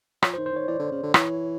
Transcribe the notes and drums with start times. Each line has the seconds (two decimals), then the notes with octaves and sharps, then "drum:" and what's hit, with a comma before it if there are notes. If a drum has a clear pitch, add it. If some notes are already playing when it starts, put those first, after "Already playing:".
0.22 F3 C#5, drum: rim click
0.34 C5
0.38 D#3
0.46 C5
0.52 D#3 C#5
0.68 E3 D5
0.79 D3
0.91 C#3
1.03 D3
1.14 E3 C#5, drum: rim click